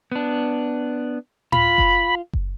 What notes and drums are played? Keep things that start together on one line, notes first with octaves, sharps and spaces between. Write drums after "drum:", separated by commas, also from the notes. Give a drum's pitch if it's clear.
B3 D4
F4 B5, drum: tom A2
drum: kick F#1
drum: kick F#1